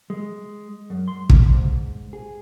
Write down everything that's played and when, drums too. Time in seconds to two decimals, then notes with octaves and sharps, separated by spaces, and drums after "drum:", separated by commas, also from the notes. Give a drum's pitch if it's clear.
0.10 G#3
0.90 F#2
1.08 C6
1.30 drum: kick
1.53 G#2
2.13 G#4